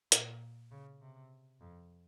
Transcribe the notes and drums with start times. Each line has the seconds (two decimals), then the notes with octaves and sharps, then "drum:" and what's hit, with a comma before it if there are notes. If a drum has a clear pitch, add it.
0.12 A#2, drum: hi-hat
0.71 C#3
1.01 C3
1.61 F2